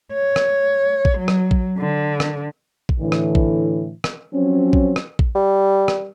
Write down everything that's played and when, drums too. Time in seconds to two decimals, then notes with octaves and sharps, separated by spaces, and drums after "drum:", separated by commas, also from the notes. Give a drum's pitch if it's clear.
0.13 C#5
0.36 drum: rim click
1.05 drum: kick A#1
1.18 F#3
1.28 drum: rim click
1.51 drum: kick A#1
1.78 D3
2.20 drum: rim click
2.89 drum: kick A#1
3.00 A2 D3 E3
3.12 drum: rim click
3.35 drum: kick A#1
4.04 drum: rim click
4.34 F3 F#3 C4 C#4
4.73 drum: kick A#1
4.96 drum: rim click
5.19 drum: kick A#1
5.35 G3
5.88 drum: rim click